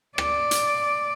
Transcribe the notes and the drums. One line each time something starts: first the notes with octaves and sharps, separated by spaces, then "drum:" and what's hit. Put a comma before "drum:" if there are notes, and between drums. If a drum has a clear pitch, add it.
D5, drum: rim click
drum: hi-hat